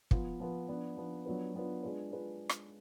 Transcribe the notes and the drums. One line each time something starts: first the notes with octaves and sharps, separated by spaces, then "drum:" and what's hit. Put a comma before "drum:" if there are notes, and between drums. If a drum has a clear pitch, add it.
F3 B3 F4 B4, drum: kick
F3 B3 F4 B4
F3 B3 D4
F3 B3 D4
F#3 B3 D4 F4 B4
F#3 B3 D4 F4 B4
G#3 D4 F4 B4
G#3 D4 F4 B4
drum: rim click